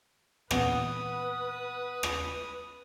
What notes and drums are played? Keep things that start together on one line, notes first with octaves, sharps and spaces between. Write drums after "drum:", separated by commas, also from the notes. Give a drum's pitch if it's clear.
A#2 E3 A#3 B3 B4 F#5 D#6 G7, drum: rim click
drum: rim click